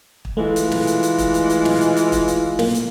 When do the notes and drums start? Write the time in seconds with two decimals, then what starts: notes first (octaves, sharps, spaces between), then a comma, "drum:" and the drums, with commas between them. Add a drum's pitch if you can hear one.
0.25 drum: kick
0.37 E3 G#3 A3 F4
0.56 drum: hi-hat
0.72 drum: snare
0.87 drum: hi-hat
1.03 drum: hi-hat
1.18 drum: kick, hi-hat
1.34 drum: hi-hat
1.50 drum: hi-hat
1.65 drum: snare
1.81 drum: hi-hat
1.96 drum: hi-hat
2.12 drum: kick, hi-hat
2.28 drum: hi-hat
2.59 A#3, drum: snare
2.75 drum: hi-hat